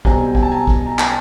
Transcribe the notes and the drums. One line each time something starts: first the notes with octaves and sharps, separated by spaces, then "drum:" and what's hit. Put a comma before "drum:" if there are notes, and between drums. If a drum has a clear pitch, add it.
B1 B2 G3 C4 G#5 A#5, drum: kick
G5
G#5, drum: kick
A5
G#5 A#5
drum: kick
A#5
G5 A5, drum: clap